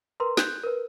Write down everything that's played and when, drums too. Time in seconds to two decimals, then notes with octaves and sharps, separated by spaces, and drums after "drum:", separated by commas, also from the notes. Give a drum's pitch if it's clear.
0.20 A#4 B4 A#5 C6
0.37 F#6 G6, drum: snare
0.64 A#4 B4